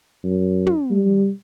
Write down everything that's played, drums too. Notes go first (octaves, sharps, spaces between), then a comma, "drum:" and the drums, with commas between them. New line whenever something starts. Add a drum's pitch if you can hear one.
F#2
drum: tom
G3